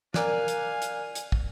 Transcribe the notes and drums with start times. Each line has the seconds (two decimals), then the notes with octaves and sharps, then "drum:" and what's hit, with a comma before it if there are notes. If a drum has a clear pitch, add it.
0.14 A#4 D5 F5 G#5 F#6, drum: snare
0.48 drum: hi-hat
0.82 drum: hi-hat
1.15 drum: hi-hat
1.32 drum: kick